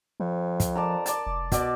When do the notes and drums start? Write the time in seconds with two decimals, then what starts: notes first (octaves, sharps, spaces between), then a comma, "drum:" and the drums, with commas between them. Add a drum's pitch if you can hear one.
0.20 F2 F3
0.60 drum: kick, hi-hat
0.75 D5 A5 A#5
1.06 D5 A5, drum: hi-hat
1.27 F1
1.52 B2 D5, drum: kick, hi-hat